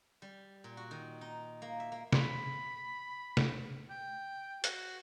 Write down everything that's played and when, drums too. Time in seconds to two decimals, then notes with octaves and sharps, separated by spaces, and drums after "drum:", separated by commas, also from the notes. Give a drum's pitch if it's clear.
0.22 G3
0.64 A#2
0.77 F#4
0.91 D#3
1.21 D#4
1.62 A#3
1.80 E5
1.92 A#3
2.13 B5, drum: snare
3.37 drum: snare
3.90 G5
4.64 F#4, drum: hi-hat